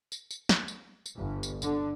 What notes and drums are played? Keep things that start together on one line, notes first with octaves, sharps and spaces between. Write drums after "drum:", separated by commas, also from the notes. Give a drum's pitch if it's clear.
drum: tambourine
drum: tambourine
drum: snare
drum: tambourine
drum: tambourine
G1
drum: tambourine
D3, drum: tambourine